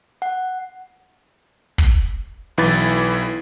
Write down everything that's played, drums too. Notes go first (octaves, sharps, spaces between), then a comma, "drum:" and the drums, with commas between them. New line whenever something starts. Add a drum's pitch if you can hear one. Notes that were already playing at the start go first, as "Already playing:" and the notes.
F#5
drum: kick
B1 E3 B5 A6